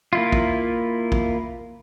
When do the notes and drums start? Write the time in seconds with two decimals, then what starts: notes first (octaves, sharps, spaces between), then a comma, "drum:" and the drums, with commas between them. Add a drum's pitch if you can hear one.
0.13 A#3 E4 F4
0.32 drum: kick
1.12 drum: kick